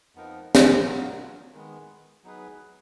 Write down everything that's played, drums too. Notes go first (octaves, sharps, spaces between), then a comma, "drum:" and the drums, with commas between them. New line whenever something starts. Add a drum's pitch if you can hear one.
F2 F3 B3 D#4 A#4
drum: snare
B2 F#3 B3 F4 A#4
D#3 G#3 B3
F#3 B3 D#4 G#4 B4